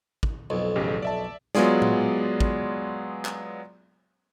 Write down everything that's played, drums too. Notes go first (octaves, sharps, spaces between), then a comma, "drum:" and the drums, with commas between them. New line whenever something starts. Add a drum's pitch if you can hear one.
drum: kick
B1 F2
A1 C#3 G4
D5 E5 A5
F#3 G#3 B3 F4 G#4 D5, drum: snare
drum: tom A2
drum: kick
drum: clap